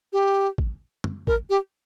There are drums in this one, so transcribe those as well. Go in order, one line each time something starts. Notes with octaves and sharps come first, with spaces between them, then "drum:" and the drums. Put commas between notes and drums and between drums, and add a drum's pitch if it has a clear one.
G4
drum: kick
drum: tom
A#4, drum: kick
G4